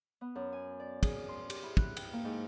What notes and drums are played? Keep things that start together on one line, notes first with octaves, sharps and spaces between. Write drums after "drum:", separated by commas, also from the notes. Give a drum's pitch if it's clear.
B3
F#2
G#5
D5
G#4, drum: kick, cymbal
C6
G4, drum: cymbal
E4
F#6, drum: kick
G5, drum: cymbal
A#3
G#2